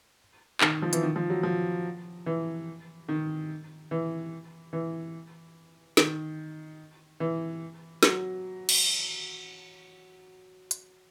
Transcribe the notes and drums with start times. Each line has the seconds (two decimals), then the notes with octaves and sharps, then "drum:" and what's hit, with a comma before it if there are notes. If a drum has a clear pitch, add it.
0.61 D#3, drum: clap
0.82 F3
0.93 E3, drum: hi-hat
1.03 D#3
1.16 F3
1.30 F#3
1.43 F3
2.26 E3
3.08 D#3
3.91 E3
4.73 E3
5.97 D#3, drum: snare
7.20 E3
8.03 F#3, drum: snare
8.69 drum: cymbal
10.71 drum: hi-hat